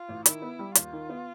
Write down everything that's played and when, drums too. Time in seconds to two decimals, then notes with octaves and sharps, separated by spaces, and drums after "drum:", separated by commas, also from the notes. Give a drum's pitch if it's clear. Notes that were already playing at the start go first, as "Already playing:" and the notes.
Already playing: F4
0.09 A1
0.26 D#3 E4, drum: hi-hat
0.42 B3
0.59 G3
0.75 D#2 F4, drum: hi-hat
0.93 D#3
1.09 B3